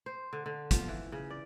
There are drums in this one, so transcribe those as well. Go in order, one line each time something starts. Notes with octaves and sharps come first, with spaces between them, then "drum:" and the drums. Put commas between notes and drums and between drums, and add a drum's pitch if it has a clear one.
C5
D3
D3
F3, drum: kick, hi-hat
E3
C#3
D5